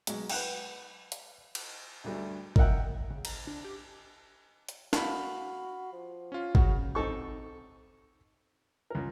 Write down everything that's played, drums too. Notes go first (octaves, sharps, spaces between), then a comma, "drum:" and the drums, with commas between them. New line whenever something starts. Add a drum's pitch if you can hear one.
B1 G#3, drum: hi-hat
B4 F#5 G5, drum: cymbal
drum: hi-hat
drum: cymbal
D2 G2 A3
A#4 D#5 E5 F#5 G5, drum: kick
C#3
A#5, drum: cymbal
D4
G4
drum: hi-hat
F#4 F5 B5, drum: snare
F3
C#4 F4
C#3 F#4, drum: kick
C4 D#4 A4 C#6
C#2 A#4